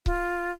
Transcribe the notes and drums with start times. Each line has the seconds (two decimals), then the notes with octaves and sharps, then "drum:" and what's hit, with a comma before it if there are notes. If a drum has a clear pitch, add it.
0.06 F4, drum: kick C#1